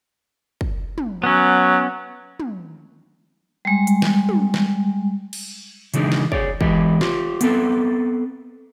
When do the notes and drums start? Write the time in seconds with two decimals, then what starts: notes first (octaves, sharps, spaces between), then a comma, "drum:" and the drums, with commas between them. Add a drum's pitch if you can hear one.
0.61 drum: kick
0.98 drum: tom
1.24 F#3 B3 C#4
2.40 drum: tom
3.65 G3 G#3
3.87 drum: hi-hat
4.02 drum: snare
4.29 drum: tom
4.54 drum: snare
5.33 drum: cymbal
5.94 C#3 E3 G#3 D4 D#4, drum: hi-hat
6.12 drum: snare
6.32 G#4 C#5 D5, drum: kick
6.61 E3 G#3 G4 B4 D#5, drum: kick
7.01 F4 G4 C5, drum: snare
7.41 B3 C4 A4 B4, drum: hi-hat